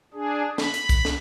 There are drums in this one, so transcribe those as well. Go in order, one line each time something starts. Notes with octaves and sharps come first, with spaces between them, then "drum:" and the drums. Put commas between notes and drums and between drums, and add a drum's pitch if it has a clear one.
D4 G#4
B5, drum: snare
drum: hi-hat
drum: kick, hi-hat
drum: snare